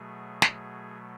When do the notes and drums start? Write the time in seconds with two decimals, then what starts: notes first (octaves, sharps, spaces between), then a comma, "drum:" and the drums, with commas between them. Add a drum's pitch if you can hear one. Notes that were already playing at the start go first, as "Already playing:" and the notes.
Already playing: B2 F#3 A3 G#4
0.42 drum: snare